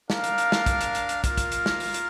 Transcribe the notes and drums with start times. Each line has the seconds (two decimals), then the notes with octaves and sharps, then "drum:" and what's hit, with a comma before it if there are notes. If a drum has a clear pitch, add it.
0.10 D4 A#4 F5, drum: snare
0.24 drum: hi-hat
0.38 drum: hi-hat
0.52 drum: snare
0.66 drum: kick, hi-hat
0.81 drum: hi-hat
0.95 drum: hi-hat
1.09 drum: hi-hat
1.24 A#3 F4 A#4 F5, drum: kick, hi-hat
1.37 drum: kick, hi-hat
1.52 drum: hi-hat
1.66 drum: snare
1.80 drum: open hi-hat
1.94 drum: hi-hat